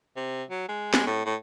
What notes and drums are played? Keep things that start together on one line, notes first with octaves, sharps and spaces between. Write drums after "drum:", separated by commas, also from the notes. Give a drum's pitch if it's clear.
C3
F#3
G#3
G#3, drum: snare
A2
A2